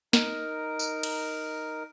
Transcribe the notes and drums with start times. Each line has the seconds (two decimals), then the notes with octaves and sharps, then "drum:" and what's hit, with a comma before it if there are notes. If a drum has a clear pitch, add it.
0.13 D#4 A#4, drum: snare
0.79 drum: tambourine
1.03 drum: cymbal